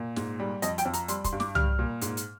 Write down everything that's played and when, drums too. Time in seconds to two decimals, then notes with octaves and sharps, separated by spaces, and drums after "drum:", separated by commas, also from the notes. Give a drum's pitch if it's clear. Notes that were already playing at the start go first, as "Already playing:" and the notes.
Already playing: A#2
0.16 G#2, drum: snare
0.40 G3
0.62 F2 D#5, drum: hi-hat
0.78 G5, drum: hi-hat
0.85 F2
0.94 A#5, drum: hi-hat
1.08 G3 C6, drum: hi-hat
1.24 C6, drum: kick, hi-hat
1.32 G2
1.40 D6, drum: snare
1.55 G3 F6, drum: tom
1.79 A#2
2.02 G#2, drum: hi-hat
2.17 drum: hi-hat